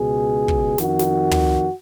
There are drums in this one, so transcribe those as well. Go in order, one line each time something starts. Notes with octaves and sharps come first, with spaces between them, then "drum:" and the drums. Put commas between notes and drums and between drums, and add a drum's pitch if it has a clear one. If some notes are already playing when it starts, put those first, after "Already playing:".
Already playing: C#2 B2 G#4
drum: kick
F2 D#3 F#4, drum: snare
drum: snare
drum: tom